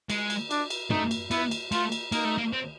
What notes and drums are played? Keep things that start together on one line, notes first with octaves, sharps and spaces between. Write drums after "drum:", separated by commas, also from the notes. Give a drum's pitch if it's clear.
G#3, drum: cymbal
drum: cymbal
D4, drum: cymbal
drum: cymbal
A3 D#4, drum: tom
drum: cymbal
B3 E4, drum: cymbal
drum: cymbal
A3 F4, drum: cymbal
drum: cymbal
A#3 D#4, drum: cymbal
A3
A#3
C4